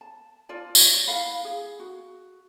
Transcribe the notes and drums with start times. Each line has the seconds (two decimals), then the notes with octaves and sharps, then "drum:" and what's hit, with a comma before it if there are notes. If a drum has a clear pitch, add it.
0.01 A5
0.49 F4 D5 A5
0.75 C#5, drum: tambourine
1.07 E4 F5 F#5 B5
1.45 G#4
1.80 F#4